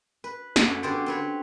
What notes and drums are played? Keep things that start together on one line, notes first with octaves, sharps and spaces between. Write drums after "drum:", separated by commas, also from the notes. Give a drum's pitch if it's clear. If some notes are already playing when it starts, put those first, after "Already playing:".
B4
F#2 D3 C#5, drum: snare
D3 B3 G4 C5 D5
C4 B4 C#5